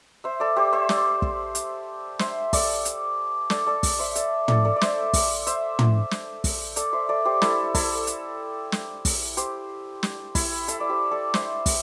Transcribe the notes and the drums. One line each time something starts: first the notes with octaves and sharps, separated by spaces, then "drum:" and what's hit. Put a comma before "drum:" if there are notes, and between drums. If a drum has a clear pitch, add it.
C5 E5
A4 D5
G4 C5
C5 E5
A4 D5, drum: snare
drum: kick
drum: hi-hat
C5 E5, drum: snare
A4 D5, drum: kick, open hi-hat
drum: hi-hat
A4 D5, drum: snare
A4 D5
drum: kick, open hi-hat
C5 E5
A4 D5, drum: hi-hat
A4 D5, drum: tom
A4 D5
D5
C5 E5, drum: snare
drum: kick, open hi-hat
C5 E5, drum: hi-hat
drum: tom
drum: snare
drum: kick, open hi-hat
A4 D5, drum: hi-hat
C5 E5
A4 D5
G4 C5
E4 A4, drum: snare
E4 A4, drum: kick, open hi-hat
drum: hi-hat
drum: snare
drum: kick, open hi-hat
G4 C5, drum: hi-hat
drum: snare
E4, drum: kick, open hi-hat
E4 A4, drum: hi-hat
D5
G4 C5
A4 D5
C5 E5, drum: snare
drum: kick, open hi-hat